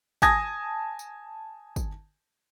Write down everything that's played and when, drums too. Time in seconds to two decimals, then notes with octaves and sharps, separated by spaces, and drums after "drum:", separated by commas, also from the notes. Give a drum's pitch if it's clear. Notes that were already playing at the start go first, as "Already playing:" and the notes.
0.22 G#5 A5 D#6 G#6 A#6, drum: kick, tambourine
0.99 drum: tambourine
1.76 drum: kick, tambourine